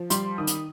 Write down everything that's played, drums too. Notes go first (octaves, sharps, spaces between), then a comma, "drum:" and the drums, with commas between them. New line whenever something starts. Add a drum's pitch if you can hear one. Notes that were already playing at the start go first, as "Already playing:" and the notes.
Already playing: F3
G3 C6, drum: hi-hat
D#3 D#6
drum: hi-hat